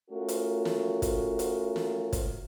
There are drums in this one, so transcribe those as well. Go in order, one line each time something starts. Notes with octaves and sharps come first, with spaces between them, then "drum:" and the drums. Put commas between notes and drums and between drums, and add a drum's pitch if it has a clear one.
A3 C#4 F4 F#4 A#4
drum: hi-hat
drum: snare
drum: kick, hi-hat
drum: hi-hat
drum: snare
drum: kick, hi-hat